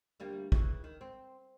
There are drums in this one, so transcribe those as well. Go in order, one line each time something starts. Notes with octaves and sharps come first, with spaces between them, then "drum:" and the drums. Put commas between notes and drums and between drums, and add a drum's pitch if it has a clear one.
D2 G3 A#3
C#3 E3, drum: kick
D#3
C4